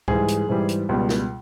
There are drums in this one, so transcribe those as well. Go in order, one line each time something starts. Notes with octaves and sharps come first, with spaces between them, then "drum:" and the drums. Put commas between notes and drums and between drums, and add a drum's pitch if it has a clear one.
G#2 E3 G3 G#4, drum: kick C2
drum: hi-hat
G#2 E3 G3
drum: hi-hat
C#2 B2 G3
drum: snare